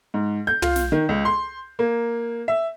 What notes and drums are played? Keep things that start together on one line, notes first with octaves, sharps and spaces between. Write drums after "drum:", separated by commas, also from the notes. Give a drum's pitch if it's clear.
G#2
G6
F4, drum: tom
drum: snare
D#3
C#2
C6
A#3
E5